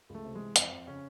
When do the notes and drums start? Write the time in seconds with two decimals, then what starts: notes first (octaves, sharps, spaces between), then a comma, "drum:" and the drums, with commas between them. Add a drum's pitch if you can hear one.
0.09 C#2
0.15 A3
0.25 C3
0.35 E3 G#3
0.56 F2 C4, drum: hi-hat
0.72 F2
0.87 C#3 C#4